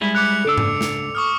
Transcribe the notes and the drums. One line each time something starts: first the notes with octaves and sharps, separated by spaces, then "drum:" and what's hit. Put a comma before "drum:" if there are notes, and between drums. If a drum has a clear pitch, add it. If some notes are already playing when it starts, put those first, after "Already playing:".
G3 G#3 E4
D6 F#6 C#7 F7
C#2 D4 A4 E6
drum: tom G#2
drum: snare
C#6 D#6 F6